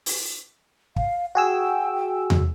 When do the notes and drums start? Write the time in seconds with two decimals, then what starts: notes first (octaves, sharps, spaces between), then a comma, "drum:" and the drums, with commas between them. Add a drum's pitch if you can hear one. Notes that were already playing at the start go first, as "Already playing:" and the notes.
0.06 drum: open hi-hat
0.96 F5, drum: kick
1.35 F#4 G#4 G5 E6
2.30 drum: tom E2